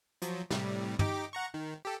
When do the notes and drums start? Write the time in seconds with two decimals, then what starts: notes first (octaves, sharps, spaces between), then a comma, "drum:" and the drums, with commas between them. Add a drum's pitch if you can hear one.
0.22 F3 F#3, drum: hi-hat
0.51 A2 C3 G3, drum: snare
0.99 D#4 G4 D6, drum: tom
1.33 F#5 A#5 C#6
1.54 D#3
1.85 G4 A4